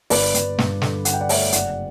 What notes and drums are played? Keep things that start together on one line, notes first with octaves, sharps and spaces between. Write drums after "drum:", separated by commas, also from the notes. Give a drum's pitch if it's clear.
G1 B4 D5, drum: open hi-hat
G1, drum: hi-hat
G2, drum: snare
D3, drum: snare
D3 F#5, drum: hi-hat
G5
D5 F#5
A3 C#5 E5, drum: open hi-hat
F#1 D5 F#5, drum: hi-hat